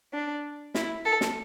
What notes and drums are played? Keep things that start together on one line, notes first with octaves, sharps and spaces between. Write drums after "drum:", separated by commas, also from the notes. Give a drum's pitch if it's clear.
D4
E4, drum: snare
A4
drum: snare